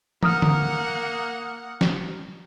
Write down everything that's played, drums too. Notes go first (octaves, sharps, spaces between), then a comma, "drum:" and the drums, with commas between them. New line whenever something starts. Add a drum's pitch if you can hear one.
A#3 F#5 A#5 D#6 F6, drum: tom
drum: tom D3
drum: snare